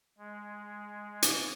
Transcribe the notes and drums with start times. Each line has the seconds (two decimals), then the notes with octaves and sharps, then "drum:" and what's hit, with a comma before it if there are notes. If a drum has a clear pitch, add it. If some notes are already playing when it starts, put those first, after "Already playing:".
0.18 G#3
1.22 drum: hi-hat